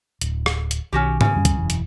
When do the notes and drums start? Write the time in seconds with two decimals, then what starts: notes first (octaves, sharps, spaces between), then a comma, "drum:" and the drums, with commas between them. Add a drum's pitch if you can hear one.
0.21 D1, drum: hi-hat
0.46 drum: rim click
0.71 drum: hi-hat
0.93 B1 D#3 C#4 F#4 G4
1.21 C#3, drum: tom G#2
1.36 F#2 G3 C#4
1.45 drum: kick, hi-hat
1.57 E1 F#2 E3
1.70 drum: hi-hat